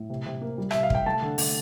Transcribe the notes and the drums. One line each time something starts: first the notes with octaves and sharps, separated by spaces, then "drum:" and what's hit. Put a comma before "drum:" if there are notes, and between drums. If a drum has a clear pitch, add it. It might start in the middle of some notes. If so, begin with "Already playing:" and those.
Already playing: A2
C3
C3
A#3
G3
C3 E5, drum: rim click
F5
C3 G5, drum: kick
A3 A5
D3
A3, drum: open hi-hat